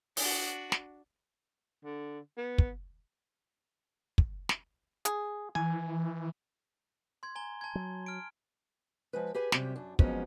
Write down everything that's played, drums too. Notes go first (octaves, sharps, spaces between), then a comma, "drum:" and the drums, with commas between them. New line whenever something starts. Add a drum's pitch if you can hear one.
D4 F#4, drum: open hi-hat
drum: snare
D3
B3
drum: kick
drum: kick
drum: snare
G#4, drum: hi-hat
E3 G#5
C6 G#6
G#5 A#5 G7
A5 G#6
F#3
F6 D7
F3 G#3 B4
G4 G#4 B4 G#5
F#2 C3 G3 G4, drum: snare
F#2 D4
F2 F3 F#3 G#3 B3 C#4, drum: kick